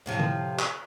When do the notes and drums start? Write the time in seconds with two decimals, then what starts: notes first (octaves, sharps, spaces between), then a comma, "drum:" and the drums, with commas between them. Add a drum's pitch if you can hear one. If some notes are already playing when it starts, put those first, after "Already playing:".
0.06 A2 C3 F3
0.19 drum: tom
0.59 drum: clap